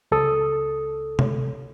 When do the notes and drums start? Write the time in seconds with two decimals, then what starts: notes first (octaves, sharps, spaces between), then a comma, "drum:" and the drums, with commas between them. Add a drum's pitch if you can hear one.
0.11 C#2 A4 D#6
1.19 drum: tom C3